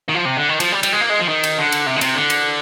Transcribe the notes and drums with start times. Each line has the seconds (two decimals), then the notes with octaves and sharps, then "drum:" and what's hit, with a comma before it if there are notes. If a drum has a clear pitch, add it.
0.09 D#3
0.14 F3
0.25 C3
0.37 D3
0.49 D#3
0.60 F3, drum: cymbal
0.72 G3
0.83 G3, drum: cymbal
0.92 G#3
1.01 A#3
1.10 G#3
1.20 F3
1.29 D#3
1.44 drum: cymbal
1.58 D3
1.72 drum: cymbal
1.86 C3
1.96 D3
2.01 C3, drum: cymbal
2.15 D3
2.30 drum: cymbal